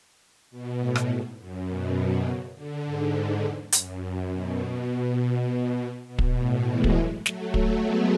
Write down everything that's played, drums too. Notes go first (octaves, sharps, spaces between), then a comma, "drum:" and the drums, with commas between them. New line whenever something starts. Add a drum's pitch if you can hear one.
B2
A2
drum: rim click
G#2
F#2
B2
C#3
D3
G#2
E2
F#2, drum: hi-hat
B2
B2
B2
drum: kick
A2
E3 G#3
drum: kick
F#3 A3
F#3 A3, drum: snare
F#3 A3, drum: kick
G#3 B3